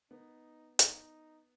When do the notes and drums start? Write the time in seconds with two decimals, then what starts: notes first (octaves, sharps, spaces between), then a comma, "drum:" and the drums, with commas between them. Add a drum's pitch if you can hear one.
0.11 B3 D#4
0.79 D#4, drum: hi-hat